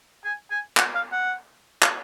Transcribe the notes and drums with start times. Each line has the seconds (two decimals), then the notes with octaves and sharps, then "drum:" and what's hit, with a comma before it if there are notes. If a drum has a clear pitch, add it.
0.24 G#5
0.51 G#5
0.77 F#5, drum: clap
0.95 F5
1.12 F#5
1.82 F5, drum: clap